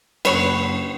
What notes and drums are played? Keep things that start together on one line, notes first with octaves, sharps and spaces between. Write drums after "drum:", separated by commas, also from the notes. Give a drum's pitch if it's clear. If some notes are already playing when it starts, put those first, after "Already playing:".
F#1 F#3 B4 C#5, drum: cymbal